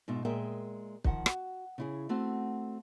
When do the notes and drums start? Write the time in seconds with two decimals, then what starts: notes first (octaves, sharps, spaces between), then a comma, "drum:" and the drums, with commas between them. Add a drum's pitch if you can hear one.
0.08 G#2 B2 F4 E5
0.25 A#2 G#3 G#4 A#4 E5 G5
1.04 D#3 F3 F#5, drum: kick
1.26 F#4, drum: rim click
1.78 C#3 E4 G#4
2.09 A3 C4 F#4